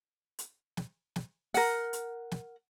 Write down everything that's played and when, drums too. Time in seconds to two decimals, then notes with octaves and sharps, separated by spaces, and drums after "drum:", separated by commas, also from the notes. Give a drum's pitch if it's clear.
0.39 drum: hi-hat
0.77 drum: snare
1.16 drum: snare
1.54 A#4 F#5, drum: open hi-hat
1.93 drum: hi-hat
2.31 drum: snare